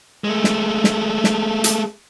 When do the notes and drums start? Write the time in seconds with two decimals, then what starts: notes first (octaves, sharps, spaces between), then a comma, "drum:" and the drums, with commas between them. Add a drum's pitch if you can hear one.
0.24 G#3 A3
0.44 drum: snare
0.84 drum: snare
1.24 drum: snare
1.64 drum: hi-hat